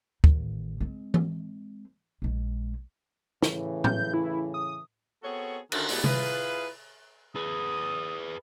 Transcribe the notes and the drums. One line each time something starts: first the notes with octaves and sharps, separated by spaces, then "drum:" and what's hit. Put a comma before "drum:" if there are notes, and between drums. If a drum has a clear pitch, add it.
A1 D#3, drum: kick D2
G#3 C4
drum: tom E3
A#1 G#3
A2 C#3 E3, drum: snare
G6, drum: tom A2
E4
D#6
B3 C4 F#4 G#4 A4 C#5
D3 D#3 C#4 F4 F#4, drum: cymbal
B2 G#3 A3 B3 E4 G4, drum: open hi-hat
E4 F4 G#4 B4, drum: tom C3
G#4 B4 D#6